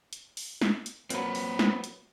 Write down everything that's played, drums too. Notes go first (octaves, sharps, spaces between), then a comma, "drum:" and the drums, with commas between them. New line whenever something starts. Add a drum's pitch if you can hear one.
drum: hi-hat
drum: open hi-hat
drum: snare
drum: hi-hat
A#2 F#3 C4 B4, drum: hi-hat
drum: open hi-hat
drum: snare
drum: hi-hat